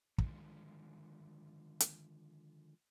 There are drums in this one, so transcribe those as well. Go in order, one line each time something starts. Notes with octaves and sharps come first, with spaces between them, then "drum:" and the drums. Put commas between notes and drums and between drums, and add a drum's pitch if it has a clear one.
D3 D#3 F3 G#3, drum: kick
drum: hi-hat